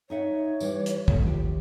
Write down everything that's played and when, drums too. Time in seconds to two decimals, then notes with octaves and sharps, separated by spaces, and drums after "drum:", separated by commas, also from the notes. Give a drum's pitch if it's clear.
0.10 D#4 C#5 E5 F#5
0.60 E3 G3, drum: tambourine
0.86 drum: hi-hat
1.08 A#1 D#2 B2 D#3 A3, drum: kick
1.23 F4 G4